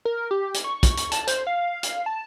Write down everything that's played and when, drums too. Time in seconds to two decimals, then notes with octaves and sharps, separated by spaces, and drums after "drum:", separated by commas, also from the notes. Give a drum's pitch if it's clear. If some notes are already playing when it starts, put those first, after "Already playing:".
0.05 A#4
0.31 G4
0.54 drum: hi-hat
0.64 C#6
0.83 drum: kick, hi-hat
0.97 drum: hi-hat
1.12 A5, drum: hi-hat
1.27 C5, drum: hi-hat
1.47 F5
1.83 drum: hi-hat
2.06 A5